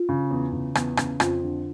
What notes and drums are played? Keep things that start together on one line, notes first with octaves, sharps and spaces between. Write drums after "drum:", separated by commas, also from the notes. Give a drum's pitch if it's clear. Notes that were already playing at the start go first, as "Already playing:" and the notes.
Already playing: F4
C#3
E2
C#3
E2, drum: rim click
C#3, drum: rim click
F2 F4, drum: rim click
D3